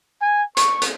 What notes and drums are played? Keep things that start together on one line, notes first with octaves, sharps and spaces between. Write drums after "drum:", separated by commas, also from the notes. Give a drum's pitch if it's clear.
G#5
C#6, drum: hi-hat
drum: hi-hat